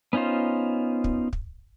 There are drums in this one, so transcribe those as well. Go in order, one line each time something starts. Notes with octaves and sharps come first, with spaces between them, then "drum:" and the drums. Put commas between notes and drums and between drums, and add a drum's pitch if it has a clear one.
B3 C#4 D#4 F4 C5
drum: kick
drum: kick